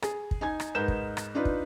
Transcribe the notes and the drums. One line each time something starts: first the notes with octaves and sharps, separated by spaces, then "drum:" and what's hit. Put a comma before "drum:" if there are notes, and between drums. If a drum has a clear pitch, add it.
G#4, drum: rim click
drum: kick
D#4 G#5 G#6
drum: rim click
G#2 D#4 A#4 B4 G6 E7
drum: kick
drum: rim click
D4 D#4 F4 B4 D5
drum: kick